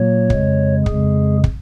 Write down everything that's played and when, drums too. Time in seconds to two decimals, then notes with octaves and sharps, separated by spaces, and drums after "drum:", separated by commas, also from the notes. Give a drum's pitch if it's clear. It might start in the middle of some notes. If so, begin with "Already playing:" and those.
Already playing: A#2 F#3 A#3 C#5
0.30 F2 C#3 G#3, drum: kick
0.86 F2 C#3 G#3 G#4, drum: kick
1.44 drum: kick